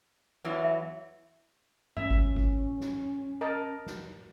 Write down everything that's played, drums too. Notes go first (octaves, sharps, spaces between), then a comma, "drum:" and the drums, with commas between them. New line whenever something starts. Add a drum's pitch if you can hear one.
E2 E3 F#3
E5
C#4 E5, drum: tom G2
drum: kick G#1
drum: kick G#1
drum: snare
A#4 D#5 A5
drum: snare